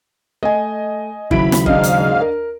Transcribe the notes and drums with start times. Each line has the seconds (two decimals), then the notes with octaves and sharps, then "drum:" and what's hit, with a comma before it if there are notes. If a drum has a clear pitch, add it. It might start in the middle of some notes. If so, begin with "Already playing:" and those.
0.43 A3 D#5 G#5
1.31 D#2 C#3 F#3 E4 B5 D7, drum: kick G1
1.52 drum: snare
1.66 G#2 D4 D#5 F5, drum: kick G1
1.83 drum: hi-hat
2.21 A#4